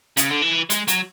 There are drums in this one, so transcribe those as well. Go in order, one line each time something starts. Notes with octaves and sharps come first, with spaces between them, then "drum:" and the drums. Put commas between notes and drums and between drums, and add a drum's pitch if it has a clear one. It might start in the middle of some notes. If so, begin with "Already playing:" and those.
C#3, drum: hi-hat
D3
E3
G#3, drum: hi-hat
F#3, drum: hi-hat